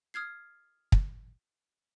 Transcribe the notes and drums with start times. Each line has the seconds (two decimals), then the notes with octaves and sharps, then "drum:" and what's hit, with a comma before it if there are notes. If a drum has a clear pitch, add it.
0.14 D#6 F6 G#6 C7
0.92 drum: kick